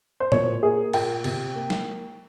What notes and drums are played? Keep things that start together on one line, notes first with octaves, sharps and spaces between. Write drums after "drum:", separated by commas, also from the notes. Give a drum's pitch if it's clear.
C5
A#2 C#5, drum: tom A2
A#3 G#4
A#2 G5, drum: cymbal
C3, drum: cymbal
A#3
drum: snare